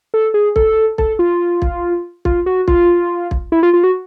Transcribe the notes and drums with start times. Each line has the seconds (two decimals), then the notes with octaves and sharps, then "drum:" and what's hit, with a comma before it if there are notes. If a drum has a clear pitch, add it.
0.14 A4
0.34 G#4
0.56 A4, drum: kick
0.98 A4, drum: kick
1.19 F4
1.62 drum: kick
2.25 F4, drum: kick
2.46 F#4
2.68 F4, drum: kick
3.31 drum: kick
3.52 E4
3.63 F4
3.73 F4
3.84 F#4